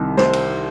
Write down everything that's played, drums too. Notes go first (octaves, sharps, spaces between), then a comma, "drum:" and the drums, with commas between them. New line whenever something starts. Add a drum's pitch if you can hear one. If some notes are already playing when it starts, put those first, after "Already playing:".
Already playing: C2 C3 D#3
C5, drum: snare
drum: cymbal